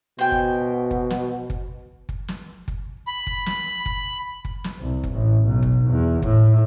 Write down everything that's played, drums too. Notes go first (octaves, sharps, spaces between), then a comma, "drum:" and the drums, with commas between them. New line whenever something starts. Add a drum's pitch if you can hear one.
B2 C5 G5 G#5
drum: kick
drum: kick
drum: snare
drum: kick
drum: kick
drum: snare
drum: kick
B5
drum: kick
drum: snare
drum: kick
drum: kick
drum: snare
C2
drum: kick
A1
B1
drum: kick
E2
A2, drum: kick